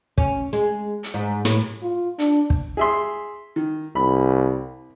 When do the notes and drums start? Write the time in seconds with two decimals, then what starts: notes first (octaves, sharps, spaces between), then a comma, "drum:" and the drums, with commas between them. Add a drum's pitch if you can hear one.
0.18 C#4, drum: kick
0.53 G#3
1.03 drum: hi-hat
1.14 G#2
1.45 A2, drum: snare
1.82 F4
2.19 D4, drum: hi-hat
2.50 drum: kick
2.77 G#4 E5 C6
3.56 D#3
3.95 C2 B5